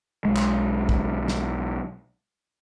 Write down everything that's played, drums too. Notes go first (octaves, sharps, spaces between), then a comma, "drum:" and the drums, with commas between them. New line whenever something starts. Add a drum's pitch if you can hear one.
B1 G#3
drum: clap
drum: kick
drum: snare